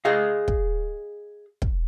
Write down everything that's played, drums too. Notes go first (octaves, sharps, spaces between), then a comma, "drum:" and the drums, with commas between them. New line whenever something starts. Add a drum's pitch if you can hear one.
G#4 D#5 F5
drum: kick
drum: kick